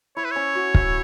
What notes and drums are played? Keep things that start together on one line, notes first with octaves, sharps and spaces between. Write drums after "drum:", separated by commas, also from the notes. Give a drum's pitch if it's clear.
E4 C#5
B4
C#4 C#5
F#4
E5, drum: kick